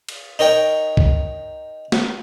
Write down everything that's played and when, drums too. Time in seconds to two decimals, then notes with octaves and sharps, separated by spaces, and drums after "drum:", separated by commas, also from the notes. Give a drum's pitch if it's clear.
0.09 drum: cymbal
0.39 D#4 A#4 C#5 G5
0.97 drum: kick
1.92 drum: snare